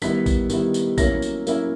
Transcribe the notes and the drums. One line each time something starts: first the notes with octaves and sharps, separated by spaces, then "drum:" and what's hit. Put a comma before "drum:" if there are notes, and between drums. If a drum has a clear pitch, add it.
D#3 G3 B3 E4 B6, drum: tambourine
drum: kick A#1, tambourine
D#3 G3 B3 E4, drum: tambourine
drum: tambourine
F#3 A#3 C#4 E4 A#6, drum: kick A#1, tambourine
drum: tambourine
F#3 A#3 C#4 E4, drum: tambourine